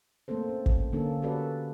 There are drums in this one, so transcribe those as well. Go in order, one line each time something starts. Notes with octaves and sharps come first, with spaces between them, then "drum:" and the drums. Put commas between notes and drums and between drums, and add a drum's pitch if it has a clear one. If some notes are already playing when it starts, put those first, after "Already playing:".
A3 A#3 C4 A4 C5
C#4
drum: kick
D3 A#3 C#4 D4 A4
C#4 F#4 G4 A4 B4 D5